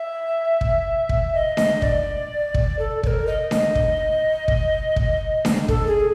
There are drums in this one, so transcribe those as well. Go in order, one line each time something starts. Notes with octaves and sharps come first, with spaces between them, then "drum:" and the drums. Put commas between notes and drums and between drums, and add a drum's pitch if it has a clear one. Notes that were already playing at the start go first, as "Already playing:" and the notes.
Already playing: E5
drum: kick
drum: kick
D#5
D#5, drum: snare D4
D5, drum: kick
drum: kick
A4
D5, drum: kick
A#4
D#5
D#5, drum: snare D4
drum: kick
drum: kick
drum: kick
drum: snare D4
A4, drum: kick
G#4